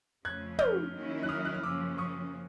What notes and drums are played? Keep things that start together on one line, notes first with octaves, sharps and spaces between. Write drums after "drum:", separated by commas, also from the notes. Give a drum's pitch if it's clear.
F2 C#3 F3 A3 C#4 F#6 G#6
F6 G6, drum: tom
D#3 F#3 A#3 C#4 E4
F#6
D#6 F6
F#6
F6
F#2 C#3 F3 A#3 C#4 D6 E6
C#6 D#6